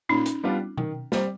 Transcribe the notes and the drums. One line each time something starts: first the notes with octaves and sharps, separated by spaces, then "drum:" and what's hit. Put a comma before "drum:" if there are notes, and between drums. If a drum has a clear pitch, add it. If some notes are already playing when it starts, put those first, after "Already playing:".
A#2 C#4 D#4
drum: hi-hat
G3 B3 D4 F4
D#3, drum: tom B2
G3 C4, drum: snare